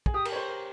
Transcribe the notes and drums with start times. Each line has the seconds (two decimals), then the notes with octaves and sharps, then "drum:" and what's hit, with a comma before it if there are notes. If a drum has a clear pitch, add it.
0.06 G#4, drum: kick
0.14 G4 D#6
0.25 A#4, drum: cymbal
0.32 C#5
0.36 C5
0.48 A#4